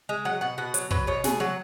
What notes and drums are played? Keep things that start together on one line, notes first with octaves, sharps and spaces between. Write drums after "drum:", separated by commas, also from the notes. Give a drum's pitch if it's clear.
G#3
F#3 F#5
B2 F#5
B2 F#5
F#3, drum: hi-hat
F#3 B4, drum: kick
B2 C#5
B2 G#4, drum: snare
F#3 F#5